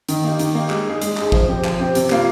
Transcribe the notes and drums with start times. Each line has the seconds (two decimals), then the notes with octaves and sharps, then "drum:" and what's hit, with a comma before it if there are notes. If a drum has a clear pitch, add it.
0.08 D#3, drum: hi-hat
0.24 A#3 D#4 G4
0.39 D#3, drum: hi-hat
0.55 A#3 D#4 G4
0.70 G#3, drum: clap
0.87 D#4 G#4
1.01 G#3, drum: hi-hat
1.17 D#4 G#4, drum: clap
1.32 F3, drum: kick A1
1.48 C4 G4
1.64 F3, drum: clap
1.80 C4 G4
1.95 C3, drum: hi-hat
2.10 G3 A#3 F4, drum: clap